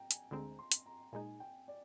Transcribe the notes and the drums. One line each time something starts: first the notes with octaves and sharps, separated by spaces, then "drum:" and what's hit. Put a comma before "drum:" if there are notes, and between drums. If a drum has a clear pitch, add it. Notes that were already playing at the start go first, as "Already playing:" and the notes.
Already playing: G5 A#5
G#5, drum: hi-hat
D2 D3 G#3 C4 A#5
C6
drum: hi-hat
A#5
A#2 G#3 D#4 G#5
G5
D5